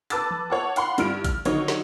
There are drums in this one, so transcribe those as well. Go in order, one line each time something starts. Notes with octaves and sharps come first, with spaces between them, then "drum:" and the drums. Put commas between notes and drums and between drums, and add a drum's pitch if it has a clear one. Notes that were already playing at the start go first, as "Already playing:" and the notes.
B4 A5 D6 E6 A6, drum: hi-hat
drum: tom E3
C#5 F#5 A5
F5 F#5 B5 C6, drum: hi-hat
G2 E4 F6 D7, drum: hi-hat
F6, drum: kick A1, hi-hat
D3 D#3 F#3 C#5 D#5, drum: hi-hat
drum: snare